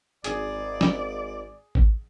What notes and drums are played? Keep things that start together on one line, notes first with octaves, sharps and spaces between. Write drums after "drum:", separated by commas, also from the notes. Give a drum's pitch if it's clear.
G#1 G#4 D5, drum: hi-hat
drum: snare
drum: kick G#1